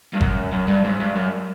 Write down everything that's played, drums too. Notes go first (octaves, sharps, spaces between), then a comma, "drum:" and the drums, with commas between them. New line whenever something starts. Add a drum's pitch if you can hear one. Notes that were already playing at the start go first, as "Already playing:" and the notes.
G2
F#2, drum: kick G1
F#2
G2
G#2
G2
F#2